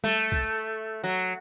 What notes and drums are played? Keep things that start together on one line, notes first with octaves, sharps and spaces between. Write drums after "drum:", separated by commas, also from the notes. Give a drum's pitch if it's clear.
A3, drum: tom G3
drum: kick
F#3